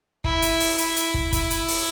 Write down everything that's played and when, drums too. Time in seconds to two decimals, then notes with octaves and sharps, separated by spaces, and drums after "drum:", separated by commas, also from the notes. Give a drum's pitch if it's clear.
0.24 E4, drum: kick
0.42 drum: hi-hat
0.60 drum: open hi-hat
0.78 E4, drum: hi-hat
0.96 drum: hi-hat
1.14 drum: kick
1.32 E4, drum: kick, hi-hat
1.50 drum: hi-hat
1.68 drum: open hi-hat